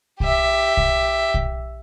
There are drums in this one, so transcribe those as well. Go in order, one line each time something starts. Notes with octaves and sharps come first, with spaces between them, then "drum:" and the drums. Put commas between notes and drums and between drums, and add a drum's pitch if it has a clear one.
G4 E5, drum: kick
drum: kick
drum: kick